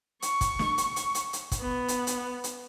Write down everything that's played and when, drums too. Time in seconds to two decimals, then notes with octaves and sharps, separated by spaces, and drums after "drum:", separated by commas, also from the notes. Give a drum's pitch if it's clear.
0.22 C#6, drum: hi-hat
0.41 drum: kick, hi-hat
0.59 drum: snare
0.78 drum: hi-hat
0.96 drum: hi-hat
1.15 drum: hi-hat
1.33 drum: hi-hat
1.51 drum: kick, hi-hat
1.61 B3
1.88 drum: hi-hat
2.07 drum: hi-hat
2.44 drum: hi-hat